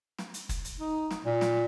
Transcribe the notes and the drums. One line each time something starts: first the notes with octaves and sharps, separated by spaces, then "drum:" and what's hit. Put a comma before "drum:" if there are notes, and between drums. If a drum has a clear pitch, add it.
drum: snare
drum: hi-hat
drum: kick, hi-hat
drum: hi-hat
D#4
drum: snare
A#2
drum: snare